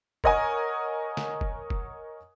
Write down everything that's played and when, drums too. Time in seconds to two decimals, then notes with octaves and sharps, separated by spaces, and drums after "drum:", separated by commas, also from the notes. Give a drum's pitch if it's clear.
0.24 A#4 C#5 D#5 F#5 G#5, drum: kick
1.17 drum: snare
1.41 drum: kick
1.70 drum: kick